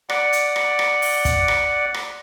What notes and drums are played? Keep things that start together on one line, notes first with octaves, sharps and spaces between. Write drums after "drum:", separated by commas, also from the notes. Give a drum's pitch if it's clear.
D5 F#5, drum: rim click
drum: hi-hat
drum: rim click
drum: rim click
drum: open hi-hat
drum: kick, hi-hat
drum: rim click
drum: rim click